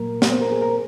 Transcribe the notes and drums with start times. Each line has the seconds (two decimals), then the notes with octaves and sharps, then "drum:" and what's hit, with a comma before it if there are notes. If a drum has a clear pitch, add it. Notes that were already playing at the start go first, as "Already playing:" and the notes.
Already playing: A#2 F#3 A#3 A#4
0.22 drum: snare
0.32 C5
0.42 A#4
0.52 G#4
0.62 A#4